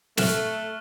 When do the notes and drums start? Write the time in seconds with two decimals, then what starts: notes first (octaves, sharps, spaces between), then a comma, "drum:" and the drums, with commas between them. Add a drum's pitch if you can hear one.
0.17 A3 A4 C#6 F6 F#6 E7 F#7, drum: snare